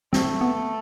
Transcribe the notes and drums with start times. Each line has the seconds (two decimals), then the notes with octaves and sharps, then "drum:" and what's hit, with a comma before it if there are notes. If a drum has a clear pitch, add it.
0.13 A3 C4, drum: snare
0.41 B3